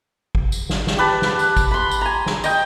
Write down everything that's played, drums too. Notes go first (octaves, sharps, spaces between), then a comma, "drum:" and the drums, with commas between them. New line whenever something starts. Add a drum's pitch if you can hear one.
drum: kick G#1
drum: tambourine
drum: snare
drum: snare
G4 B4 A5
drum: snare
drum: tambourine
drum: kick G#1, tambourine
B5 C6
drum: tambourine
G#5 A#5
drum: snare
D#5 G5, drum: tambourine